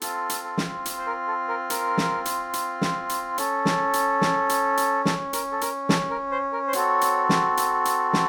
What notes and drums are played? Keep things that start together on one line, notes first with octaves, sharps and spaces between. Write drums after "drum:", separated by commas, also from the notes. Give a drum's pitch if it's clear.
C4 F4 A4, drum: hi-hat
drum: hi-hat
A4
drum: snare
drum: hi-hat
C5
A#4
A4
A#4
A#4, drum: hi-hat
drum: snare
drum: hi-hat
drum: hi-hat
drum: snare
drum: hi-hat
C#4 A4, drum: hi-hat
drum: snare
drum: hi-hat
drum: snare
drum: hi-hat
drum: hi-hat
A4, drum: snare
A#4, drum: hi-hat
A4
A#4, drum: hi-hat
A4, drum: snare
A#4
C5
A#4
C5
C4 F#4 A4 C#5, drum: hi-hat
drum: hi-hat
drum: snare
drum: hi-hat
drum: hi-hat
drum: snare